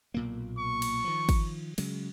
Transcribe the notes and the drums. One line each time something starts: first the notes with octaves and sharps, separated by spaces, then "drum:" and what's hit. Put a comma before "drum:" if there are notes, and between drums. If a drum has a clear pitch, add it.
B1 A#2 A#3
C#6
drum: cymbal
D#3 F3
drum: kick, cymbal
C#3 F#3 G#3, drum: cymbal